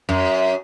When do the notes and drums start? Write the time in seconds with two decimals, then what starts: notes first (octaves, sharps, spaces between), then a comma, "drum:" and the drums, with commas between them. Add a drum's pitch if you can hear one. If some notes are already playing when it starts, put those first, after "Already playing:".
0.09 F#2, drum: tom F2